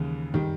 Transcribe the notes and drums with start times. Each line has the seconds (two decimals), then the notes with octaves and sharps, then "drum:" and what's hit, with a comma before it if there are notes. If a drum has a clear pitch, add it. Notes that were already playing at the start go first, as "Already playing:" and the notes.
Already playing: D#2 C#3 E3 G#3
0.34 D#3 G3, drum: tom